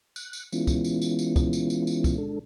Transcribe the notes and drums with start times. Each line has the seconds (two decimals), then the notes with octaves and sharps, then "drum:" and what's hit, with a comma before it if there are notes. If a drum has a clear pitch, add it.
0.16 F#6, drum: tambourine
0.33 drum: tambourine
0.52 E3 G#3 B3 C#4 E4 F4, drum: tambourine
0.67 drum: kick, tambourine
0.84 drum: tambourine
1.02 drum: tambourine
1.19 drum: tambourine
1.36 drum: kick, tambourine
1.53 drum: tambourine
1.70 drum: tambourine
1.87 drum: tambourine
2.04 drum: kick, tambourine
2.18 G#3 D4 A4